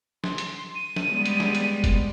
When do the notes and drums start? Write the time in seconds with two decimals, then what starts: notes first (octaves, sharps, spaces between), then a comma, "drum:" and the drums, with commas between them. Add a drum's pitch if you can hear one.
0.24 C6, drum: snare
0.38 drum: hi-hat
0.76 D#7
0.96 drum: snare
1.13 G3 G#3 B3
1.26 drum: hi-hat
1.40 drum: snare
1.55 drum: hi-hat
1.84 drum: kick, hi-hat